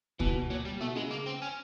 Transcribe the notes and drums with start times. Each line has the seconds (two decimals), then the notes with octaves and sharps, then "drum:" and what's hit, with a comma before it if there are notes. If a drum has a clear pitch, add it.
0.20 B2 E3, drum: kick D2
0.35 B2
0.50 A#2 F#3
0.65 G3
0.81 B2 A3
0.95 C#3 G#3
1.11 A#3
1.26 C4
1.42 C#4